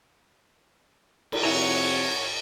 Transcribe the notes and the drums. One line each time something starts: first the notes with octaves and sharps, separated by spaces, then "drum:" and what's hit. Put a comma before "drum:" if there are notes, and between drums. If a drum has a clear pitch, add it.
drum: cymbal
F2 C3 F3 E4 C#5 F#5 G#5 A#5